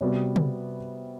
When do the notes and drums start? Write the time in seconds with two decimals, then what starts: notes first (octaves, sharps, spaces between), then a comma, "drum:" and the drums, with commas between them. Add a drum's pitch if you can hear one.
0.01 C3 G3 B3 F#4
0.36 drum: tom